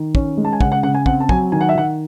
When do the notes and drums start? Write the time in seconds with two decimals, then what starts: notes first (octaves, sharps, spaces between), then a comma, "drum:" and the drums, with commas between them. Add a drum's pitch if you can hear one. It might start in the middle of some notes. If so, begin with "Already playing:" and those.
Already playing: D#3
0.15 C#4, drum: kick
0.37 G#3
0.45 A5
0.53 G#5
0.61 C#3 F#5, drum: kick
0.72 F#5
0.83 C#3 F#5
0.95 G#5
1.06 C4 F#5, drum: kick
1.20 A5
1.29 F#3 G#5, drum: kick
1.52 D#3 G#5
1.61 F#5
1.69 E5
1.75 D#3 F#5